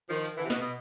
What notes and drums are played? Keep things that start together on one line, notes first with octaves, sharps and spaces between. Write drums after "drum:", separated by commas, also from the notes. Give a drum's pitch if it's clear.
D#3 F3
drum: hi-hat
D3 E3
C3
B2, drum: snare
B2